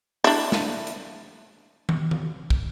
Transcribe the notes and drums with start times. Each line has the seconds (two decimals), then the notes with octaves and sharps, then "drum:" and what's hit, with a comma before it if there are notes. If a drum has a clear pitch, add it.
0.24 D4 E4, drum: open hi-hat
0.52 drum: snare
0.87 drum: hi-hat
1.89 drum: tom
2.11 drum: tom D#3
2.50 drum: kick